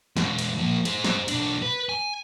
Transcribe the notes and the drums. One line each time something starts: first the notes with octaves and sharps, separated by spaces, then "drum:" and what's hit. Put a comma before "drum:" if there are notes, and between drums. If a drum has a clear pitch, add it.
E3 G#3, drum: snare
drum: cymbal
F3 A#3
G#4 C5, drum: cymbal
drum: snare
B1 D4, drum: cymbal
B4
G#5